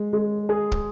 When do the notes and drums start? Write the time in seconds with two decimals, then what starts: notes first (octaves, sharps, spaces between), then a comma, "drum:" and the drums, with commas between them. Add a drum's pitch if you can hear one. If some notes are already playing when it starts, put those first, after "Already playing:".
Already playing: G#3
0.13 G#3
0.49 G#4
0.72 drum: kick